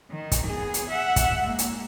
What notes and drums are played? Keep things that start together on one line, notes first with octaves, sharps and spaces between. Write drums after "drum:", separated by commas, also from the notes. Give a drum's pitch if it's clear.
D#3
drum: kick, hi-hat
B3 G#4
drum: hi-hat
E5 F#5
drum: kick, hi-hat
G#3 A#3
drum: hi-hat